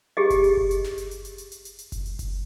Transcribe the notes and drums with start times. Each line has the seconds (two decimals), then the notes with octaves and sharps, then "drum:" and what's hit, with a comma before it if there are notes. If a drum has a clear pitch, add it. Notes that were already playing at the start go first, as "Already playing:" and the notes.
0.17 G4 G#4 D#5
0.30 drum: kick F#1, hi-hat
0.44 drum: open hi-hat
0.57 drum: kick F#1
0.71 drum: hi-hat
0.84 drum: snare
0.98 drum: hi-hat
1.11 drum: hi-hat
1.25 drum: hi-hat
1.38 drum: hi-hat
1.52 drum: hi-hat
1.65 drum: hi-hat
1.79 drum: hi-hat
1.92 drum: kick F#1, hi-hat
2.06 drum: open hi-hat
2.19 drum: kick F#1, hi-hat